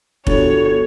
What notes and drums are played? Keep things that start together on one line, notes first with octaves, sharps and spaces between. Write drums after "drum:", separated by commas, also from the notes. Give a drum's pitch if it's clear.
G1 B3 F#4 A4 C#5, drum: kick F1